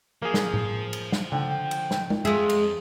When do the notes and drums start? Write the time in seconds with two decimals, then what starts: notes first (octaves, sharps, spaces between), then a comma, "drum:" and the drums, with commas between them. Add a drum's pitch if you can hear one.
0.22 F3 A#3 G#4
0.34 drum: snare
0.54 drum: tom A2
0.93 drum: cymbal
1.12 drum: snare
1.32 D3 G5, drum: tom C#3
1.71 drum: cymbal
1.91 drum: snare
2.10 drum: tom G#3
2.25 F2 G#3 F4 G#4 E5 G#5
2.50 drum: cymbal